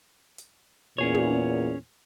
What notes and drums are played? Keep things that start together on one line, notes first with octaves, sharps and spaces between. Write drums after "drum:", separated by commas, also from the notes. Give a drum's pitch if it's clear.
drum: hi-hat
E2 A#2 C#4 G#4 C#5
drum: tom